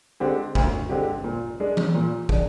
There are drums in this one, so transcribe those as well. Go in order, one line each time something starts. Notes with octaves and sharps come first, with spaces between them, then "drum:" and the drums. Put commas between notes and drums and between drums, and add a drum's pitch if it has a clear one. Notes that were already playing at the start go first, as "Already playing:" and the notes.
D3 G#3 C4 G4
D2, drum: kick
D3 G#3 C4 G4
A#2
G#3 D4 G#4
drum: tom E3
A#2
D4 G#4, drum: kick